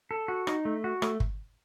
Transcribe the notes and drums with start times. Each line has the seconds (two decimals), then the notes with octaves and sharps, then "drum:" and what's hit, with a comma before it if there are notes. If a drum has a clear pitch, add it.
0.11 A4
0.28 F#4
0.47 D#4, drum: rim click
0.65 A3
0.84 F#4
1.02 A3, drum: rim click
1.20 drum: kick